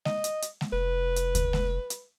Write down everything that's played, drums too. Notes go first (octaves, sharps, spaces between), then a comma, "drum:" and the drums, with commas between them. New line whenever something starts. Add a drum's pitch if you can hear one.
D#5, drum: snare G#3
drum: hi-hat
drum: hi-hat
drum: snare G#3
F1 B4
drum: hi-hat
drum: kick D2, hi-hat
drum: snare G#3
drum: hi-hat